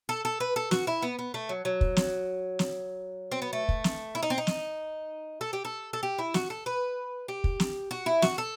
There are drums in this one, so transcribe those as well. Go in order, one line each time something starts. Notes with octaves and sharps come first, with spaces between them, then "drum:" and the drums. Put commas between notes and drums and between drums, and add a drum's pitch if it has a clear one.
A4
A4
B4
A4
F#4, drum: snare
E4
B3
B3
A3
F#3
F#3
drum: kick
drum: snare
drum: snare
C4
B3
A3
drum: kick
drum: snare
E4
D#4
C4
D#4
drum: snare
A4
G4
A4
A4
G4
E4
F#4, drum: snare
A4
B4
G4
drum: kick
drum: snare
F#4
E4
F#4, drum: snare
A4